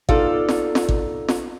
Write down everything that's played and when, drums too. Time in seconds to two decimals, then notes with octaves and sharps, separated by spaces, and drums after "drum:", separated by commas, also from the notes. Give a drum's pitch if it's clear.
0.09 B3 D#4 F4 A4 D5 F5, drum: kick
0.49 drum: snare
0.75 drum: snare
0.89 drum: kick
1.29 drum: snare